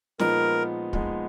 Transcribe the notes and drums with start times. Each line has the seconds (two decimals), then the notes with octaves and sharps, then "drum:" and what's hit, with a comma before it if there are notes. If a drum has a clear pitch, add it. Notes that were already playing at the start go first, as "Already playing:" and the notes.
0.19 A#2 F3 G#3 B3 D#4 A#4, drum: snare
0.93 A#2 F3 G#3 B3 D#4, drum: kick